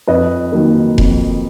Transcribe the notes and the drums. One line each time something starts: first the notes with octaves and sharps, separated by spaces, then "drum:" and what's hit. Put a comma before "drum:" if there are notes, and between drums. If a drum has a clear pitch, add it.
F2 B4 D#5
D#3 F#3 A#3
F2, drum: kick F1